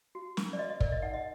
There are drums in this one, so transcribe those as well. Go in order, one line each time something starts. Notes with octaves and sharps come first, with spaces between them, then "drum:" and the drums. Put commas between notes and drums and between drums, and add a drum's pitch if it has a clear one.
F#4
A#4 D6, drum: snare
D5
F#4 D#5
D#5
A#4 D5, drum: kick
D#5
D#4 F#5
D#5